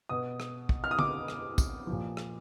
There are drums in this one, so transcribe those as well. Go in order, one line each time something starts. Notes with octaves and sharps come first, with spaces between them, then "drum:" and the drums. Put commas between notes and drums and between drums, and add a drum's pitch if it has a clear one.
B2 D#6
drum: rim click
drum: kick
F6
D#6
D6, drum: tom
drum: rim click
drum: kick, tambourine
F3
A#2
drum: rim click